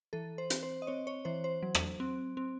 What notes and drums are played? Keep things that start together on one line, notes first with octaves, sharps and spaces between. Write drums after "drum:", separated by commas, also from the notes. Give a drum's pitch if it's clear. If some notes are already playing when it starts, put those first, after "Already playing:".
E3 A4
C5
C4, drum: hi-hat
C5
D#5
C4 C#5
C#5
E3 C5
C5
F#3
drum: rim click
C4
C4